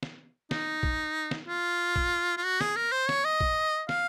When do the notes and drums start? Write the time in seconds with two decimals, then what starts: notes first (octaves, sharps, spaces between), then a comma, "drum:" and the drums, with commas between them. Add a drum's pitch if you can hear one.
0.03 drum: snare
0.51 D#4, drum: snare
0.83 drum: kick
1.31 drum: snare
1.47 F4
1.96 drum: kick
2.37 F4
2.45 F#4
2.61 G#4, drum: snare
2.76 A#4
2.92 C5
3.09 C#5, drum: snare
3.25 D#5
3.40 drum: kick
3.89 F5, drum: snare